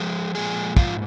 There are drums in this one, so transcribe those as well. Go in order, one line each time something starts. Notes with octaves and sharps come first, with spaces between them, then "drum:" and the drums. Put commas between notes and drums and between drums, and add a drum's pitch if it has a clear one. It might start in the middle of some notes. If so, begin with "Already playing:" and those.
Already playing: F3 G#3 G#4
A#2 G#3 G#4
G#2 F3 F4, drum: kick